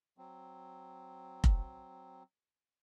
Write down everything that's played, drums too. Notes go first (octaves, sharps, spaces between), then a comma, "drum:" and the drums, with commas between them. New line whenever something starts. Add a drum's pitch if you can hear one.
F#3 C4
drum: kick F1